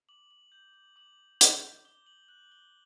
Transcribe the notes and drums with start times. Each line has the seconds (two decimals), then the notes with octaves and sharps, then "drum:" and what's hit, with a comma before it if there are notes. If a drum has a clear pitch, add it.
0.09 D6 F#7
0.31 F#7
0.52 G6 F#7
0.74 F#7
0.96 D6 F#7
1.41 G6, drum: hi-hat
1.85 D6 G7
2.06 F#7
2.28 F#6 F#7
2.52 G7